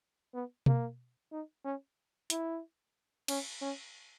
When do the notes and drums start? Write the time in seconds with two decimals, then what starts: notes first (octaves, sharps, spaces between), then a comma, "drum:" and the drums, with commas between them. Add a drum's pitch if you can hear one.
0.33 B3
0.66 A#3, drum: tom B2
1.32 D#4
1.64 C#4
2.30 E4, drum: hi-hat
3.28 C#4, drum: cymbal
3.61 C#4